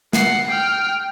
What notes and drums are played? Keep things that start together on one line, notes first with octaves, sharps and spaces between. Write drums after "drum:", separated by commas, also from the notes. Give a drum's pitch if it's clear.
F#5 C7, drum: snare
G5 F6